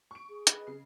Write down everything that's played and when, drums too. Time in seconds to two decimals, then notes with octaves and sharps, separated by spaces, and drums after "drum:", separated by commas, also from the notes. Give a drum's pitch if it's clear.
0.11 C#6 D7
0.29 G#4
0.47 B4 D#5, drum: hi-hat
0.67 C#3 C7